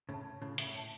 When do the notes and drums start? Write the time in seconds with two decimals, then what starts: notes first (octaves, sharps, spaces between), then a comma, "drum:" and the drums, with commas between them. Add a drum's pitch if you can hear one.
0.09 A2 C#3 C#5 A5
0.41 A2 C#3 E4
0.58 A2 C#3, drum: hi-hat
0.68 A2
0.75 C#5 A5